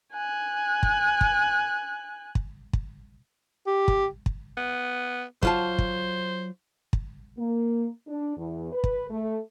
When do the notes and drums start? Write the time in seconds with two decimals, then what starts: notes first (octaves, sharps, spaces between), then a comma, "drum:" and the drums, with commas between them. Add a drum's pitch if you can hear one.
0.13 G#5 F#6
0.83 drum: kick
1.21 drum: kick
2.35 drum: kick
2.73 drum: kick
3.66 G4
3.88 drum: kick
4.26 drum: kick
4.57 B3
5.43 F#3 F4 C5 A5, drum: kick
5.79 drum: kick
6.93 drum: kick
7.38 A#3
8.07 D4
8.37 E2
8.73 B4
8.84 drum: kick
9.10 A3